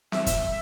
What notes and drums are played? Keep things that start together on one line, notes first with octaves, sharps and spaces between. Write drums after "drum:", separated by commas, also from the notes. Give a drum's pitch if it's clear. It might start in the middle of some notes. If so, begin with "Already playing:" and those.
E5, drum: snare C4
drum: kick, hi-hat